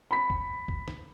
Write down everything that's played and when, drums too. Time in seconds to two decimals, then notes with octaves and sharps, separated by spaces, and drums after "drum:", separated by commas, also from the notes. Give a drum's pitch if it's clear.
0.11 B5 B6
0.30 drum: kick
0.68 drum: kick
0.88 drum: snare